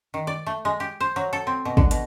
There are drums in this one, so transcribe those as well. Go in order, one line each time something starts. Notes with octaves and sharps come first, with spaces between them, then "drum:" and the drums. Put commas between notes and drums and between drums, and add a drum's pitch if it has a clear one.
D#3
D5
A3
G#3
G4
C5
F#3
A4
C4
B2
D3, drum: kick
B2, drum: hi-hat